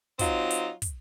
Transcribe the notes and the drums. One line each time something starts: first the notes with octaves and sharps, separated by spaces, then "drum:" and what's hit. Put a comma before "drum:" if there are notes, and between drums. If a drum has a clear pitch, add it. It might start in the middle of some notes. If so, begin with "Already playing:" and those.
F#3 C4 D#4 F4, drum: kick, hi-hat
drum: hi-hat
drum: kick, hi-hat